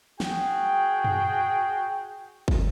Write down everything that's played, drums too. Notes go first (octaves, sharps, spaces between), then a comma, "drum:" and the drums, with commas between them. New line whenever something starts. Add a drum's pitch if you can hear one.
F#4 G#4 G5, drum: snare
drum: tom
drum: kick G1